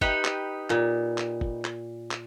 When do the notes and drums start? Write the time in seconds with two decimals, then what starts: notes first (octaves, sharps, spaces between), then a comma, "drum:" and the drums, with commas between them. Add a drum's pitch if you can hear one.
0.01 D#4 G4 B4, drum: kick
0.25 drum: clap
0.70 A#2 F4, drum: clap
1.18 drum: clap
1.41 drum: kick
1.65 drum: clap
2.11 drum: clap